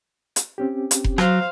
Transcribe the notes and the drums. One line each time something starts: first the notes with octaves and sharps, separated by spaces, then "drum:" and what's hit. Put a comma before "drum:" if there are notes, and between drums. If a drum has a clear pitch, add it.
drum: hi-hat
C4 C#4 G4
drum: hi-hat
drum: kick F1
F#3 C5 F5, drum: rim click